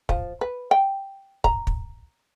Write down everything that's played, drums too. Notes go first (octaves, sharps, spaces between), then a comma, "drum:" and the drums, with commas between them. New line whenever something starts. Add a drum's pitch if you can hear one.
F3, drum: kick
B4
G5
A#5, drum: kick
drum: kick